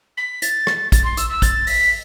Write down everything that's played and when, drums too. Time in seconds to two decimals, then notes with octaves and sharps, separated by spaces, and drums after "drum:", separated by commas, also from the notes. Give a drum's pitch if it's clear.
0.17 B6
0.42 A6, drum: hi-hat
0.67 drum: rim click
0.92 A6, drum: kick, hi-hat
1.04 C6
1.17 E6, drum: hi-hat
1.29 E6
1.42 A6, drum: kick, hi-hat
1.67 B6, drum: open hi-hat